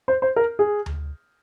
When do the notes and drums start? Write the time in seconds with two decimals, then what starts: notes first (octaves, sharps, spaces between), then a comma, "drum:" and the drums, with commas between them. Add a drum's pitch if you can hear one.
0.08 C5
0.22 C5
0.36 A#4
0.59 G#4
0.86 drum: tom D2